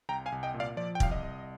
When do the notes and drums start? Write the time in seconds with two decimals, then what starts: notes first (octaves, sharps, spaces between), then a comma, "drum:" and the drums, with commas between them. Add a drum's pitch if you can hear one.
0.09 C2 G5 A#5
0.26 F5 G#5
0.32 C2
0.43 D#5 G5
0.54 A#2
0.60 D5 F5
0.77 F3 D5
0.95 G5
1.00 C2 F5, drum: kick
1.11 D#5
1.23 C2